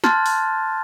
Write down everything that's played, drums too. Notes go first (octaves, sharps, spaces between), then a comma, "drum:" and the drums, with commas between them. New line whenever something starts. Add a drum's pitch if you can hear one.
A5 C6 F6 F#6 G#6 A6, drum: snare
drum: open hi-hat